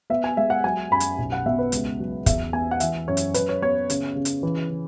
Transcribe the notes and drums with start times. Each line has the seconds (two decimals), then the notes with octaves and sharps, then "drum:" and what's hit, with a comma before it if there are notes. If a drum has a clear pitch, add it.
0.10 B3 E5
0.24 G#5
0.37 G#3 E5
0.50 F#5
0.64 F#3 G#5
0.91 F#2 B5
1.00 drum: hi-hat
1.18 B1
1.32 F#5
1.46 B2 E5
1.59 B4
1.72 C#2, drum: hi-hat
1.99 F#3
2.26 E2 E5, drum: kick, hi-hat
2.53 B3 G#5
2.71 F#5
2.80 E3 E5, drum: hi-hat
3.08 F#2 C#5
3.17 drum: hi-hat
3.34 F#2 B4, drum: hi-hat
3.49 C#5
3.62 B3 C#5
3.90 C#3, drum: hi-hat
4.15 C#3
4.25 drum: hi-hat
4.43 E3
4.70 C#3